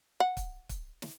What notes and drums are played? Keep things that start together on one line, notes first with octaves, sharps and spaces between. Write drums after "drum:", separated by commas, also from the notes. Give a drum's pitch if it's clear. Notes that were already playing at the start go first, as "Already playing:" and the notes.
F#5
drum: kick, hi-hat
drum: kick, hi-hat
drum: snare